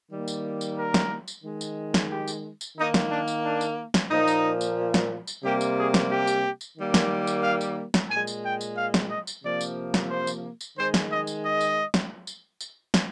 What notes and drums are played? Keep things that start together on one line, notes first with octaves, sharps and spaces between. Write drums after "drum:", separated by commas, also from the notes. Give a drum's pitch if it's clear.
D#3 G3 A#3
drum: tambourine
drum: tambourine
A#4
drum: snare
drum: tambourine
D#3 G#3
drum: tambourine
drum: snare
G4
drum: tambourine
drum: tambourine
D#3 A#3 D#4
drum: snare
D4
drum: tambourine
D4
drum: tambourine
drum: snare
A#2 F3 A#3 D#4
drum: tambourine
drum: tambourine
drum: snare
drum: tambourine
C3 G3 A#3 G4
drum: tambourine
G#4
drum: snare
G4
drum: tambourine
drum: tambourine
D#3 G3 A#3
drum: snare
drum: tambourine
F5
drum: tambourine
drum: snare
A#2 G#5
G#3
drum: tambourine
G5
drum: tambourine
F5
drum: snare
D#5
drum: tambourine
C3 F3 A#3 D5
drum: tambourine
drum: snare
C5
drum: tambourine
drum: tambourine
D#3 G#3 C5
drum: snare
D#5
drum: tambourine
D#5
drum: tambourine
drum: snare
drum: tambourine
drum: tambourine
drum: snare